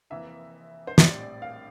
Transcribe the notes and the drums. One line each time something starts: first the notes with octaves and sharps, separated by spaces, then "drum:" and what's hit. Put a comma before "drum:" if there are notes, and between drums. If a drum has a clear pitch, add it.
F1 F2 E3 A#3 E5
C5
A#1 A2 G3 C4 D5, drum: snare
D5
F5